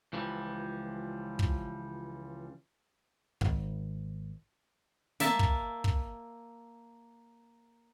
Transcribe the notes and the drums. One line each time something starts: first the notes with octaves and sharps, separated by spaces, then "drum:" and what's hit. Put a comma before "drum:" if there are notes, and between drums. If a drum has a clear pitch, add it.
C#2 E3 F3 G3
drum: kick
G#1, drum: kick
A#3 E5 A5, drum: snare
drum: kick
drum: kick